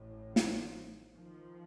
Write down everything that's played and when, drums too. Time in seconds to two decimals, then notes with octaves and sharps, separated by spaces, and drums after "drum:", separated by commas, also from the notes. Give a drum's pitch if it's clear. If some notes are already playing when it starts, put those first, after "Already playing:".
Already playing: A1 A2
0.36 D#3 F3, drum: snare
1.15 D#3 F3